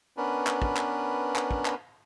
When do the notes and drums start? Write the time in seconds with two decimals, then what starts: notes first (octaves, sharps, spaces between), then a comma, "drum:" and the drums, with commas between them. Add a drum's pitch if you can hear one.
0.17 B3 C#4 D4 A#4 B4
0.47 drum: clap
0.62 drum: kick
0.76 drum: clap
1.36 drum: clap
1.51 drum: kick
1.65 drum: clap